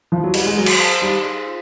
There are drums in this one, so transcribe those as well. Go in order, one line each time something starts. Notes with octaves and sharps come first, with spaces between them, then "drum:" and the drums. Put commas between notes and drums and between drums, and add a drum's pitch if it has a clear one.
F3 E4
F#3
G3 G#4 C#5, drum: cymbal
G#3
F#3 G#4
drum: cymbal
C5 F5 A5
G3 D#4
G#4 C5 F5
F4